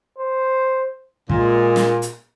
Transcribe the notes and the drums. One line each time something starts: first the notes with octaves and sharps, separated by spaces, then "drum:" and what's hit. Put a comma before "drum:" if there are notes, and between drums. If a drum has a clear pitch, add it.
C5
A#2 G#3, drum: kick
drum: snare
drum: hi-hat